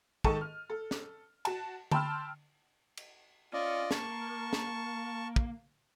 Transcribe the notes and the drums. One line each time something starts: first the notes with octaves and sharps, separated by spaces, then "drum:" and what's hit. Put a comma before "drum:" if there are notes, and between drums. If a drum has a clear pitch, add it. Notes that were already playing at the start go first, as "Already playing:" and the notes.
G#2 D#3 A4 A5 C#6 D#7, drum: kick
F6
A4
drum: snare
F#4 A5, drum: cymbal
G5 A5 B5 C6 E6 F6, drum: tom
drum: cymbal
C#4 F4 D5 D#5
A#3 A5 C#6, drum: snare
drum: snare
drum: kick